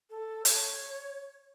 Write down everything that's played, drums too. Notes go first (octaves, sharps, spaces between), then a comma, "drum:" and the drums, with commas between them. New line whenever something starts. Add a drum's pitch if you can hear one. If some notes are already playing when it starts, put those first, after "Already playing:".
A4
C#5, drum: hi-hat